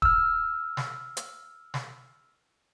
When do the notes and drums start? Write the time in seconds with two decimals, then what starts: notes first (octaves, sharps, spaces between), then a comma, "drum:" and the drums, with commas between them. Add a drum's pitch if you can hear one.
0.02 E6 F6, drum: kick
0.77 drum: snare
1.17 drum: hi-hat
1.74 drum: snare